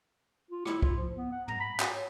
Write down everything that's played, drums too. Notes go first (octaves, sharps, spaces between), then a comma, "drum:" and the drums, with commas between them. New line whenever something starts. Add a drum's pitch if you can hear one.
F4
E4, drum: rim click
F4, drum: kick
F3
B3
F#5
A#5, drum: tom
B5
F#4, drum: clap
C#5